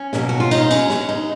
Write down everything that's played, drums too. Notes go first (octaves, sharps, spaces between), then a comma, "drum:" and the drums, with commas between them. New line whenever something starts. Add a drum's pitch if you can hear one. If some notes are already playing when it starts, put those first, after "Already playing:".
Already playing: C#4
B2 F#3 A#3, drum: snare
F#4
F4
D#4, drum: cymbal
C#4, drum: cymbal
C#4, drum: snare
D#4